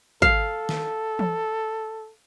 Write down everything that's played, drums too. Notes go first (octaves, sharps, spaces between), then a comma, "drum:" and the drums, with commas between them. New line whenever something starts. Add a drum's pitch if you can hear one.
A4 F5, drum: kick
drum: snare
drum: tom E3